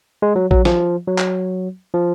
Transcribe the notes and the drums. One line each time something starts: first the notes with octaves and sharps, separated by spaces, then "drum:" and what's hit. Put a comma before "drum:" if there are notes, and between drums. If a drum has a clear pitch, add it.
G#3
F#3
F#3, drum: kick A#1
F3, drum: snare
F#3
drum: clap
F3